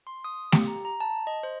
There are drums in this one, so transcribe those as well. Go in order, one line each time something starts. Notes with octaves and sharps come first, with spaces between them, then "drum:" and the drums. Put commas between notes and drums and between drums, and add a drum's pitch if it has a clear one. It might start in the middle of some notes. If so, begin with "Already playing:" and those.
C6
D#6
G4, drum: snare A3
A#5
A#5
A5
D#5
C5